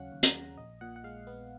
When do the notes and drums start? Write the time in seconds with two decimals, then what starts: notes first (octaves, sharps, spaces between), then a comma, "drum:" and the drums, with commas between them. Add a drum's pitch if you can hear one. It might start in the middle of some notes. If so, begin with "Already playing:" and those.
Already playing: D#2 C#3 F#3 C#4 C#5 F5 F#5
0.12 D#2
0.23 A#5, drum: hi-hat
0.35 C#3
0.57 A#1 D#5
0.81 A#2 F#5
0.96 F#5
1.04 G#3 F5
1.27 B3